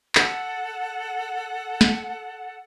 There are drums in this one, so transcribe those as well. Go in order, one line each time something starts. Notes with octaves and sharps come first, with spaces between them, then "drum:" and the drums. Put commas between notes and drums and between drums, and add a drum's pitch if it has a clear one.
A4 F#5, drum: clap
drum: snare